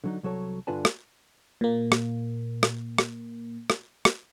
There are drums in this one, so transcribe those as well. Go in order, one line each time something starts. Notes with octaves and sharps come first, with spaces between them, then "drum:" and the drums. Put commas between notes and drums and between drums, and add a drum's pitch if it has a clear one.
D3 F#3 D#4
C2 F#3 A4 C#5
G2 D3 F4 B4 G#5 A5
drum: rim click
A#2 A#3
drum: rim click
drum: rim click
drum: rim click
drum: rim click
drum: rim click